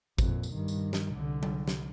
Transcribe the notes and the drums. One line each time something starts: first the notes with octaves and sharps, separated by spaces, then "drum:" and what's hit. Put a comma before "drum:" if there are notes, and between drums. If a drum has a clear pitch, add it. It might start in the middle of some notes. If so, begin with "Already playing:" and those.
F2 A#2, drum: kick G#1, tambourine
drum: tambourine
G2 D#3
drum: tambourine
drum: snare
C2 D3
drum: tom F#3
drum: snare